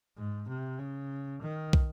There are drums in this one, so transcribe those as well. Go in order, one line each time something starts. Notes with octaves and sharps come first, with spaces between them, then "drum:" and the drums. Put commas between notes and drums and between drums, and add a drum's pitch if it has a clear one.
G#2
C3
C#3
D#3
drum: kick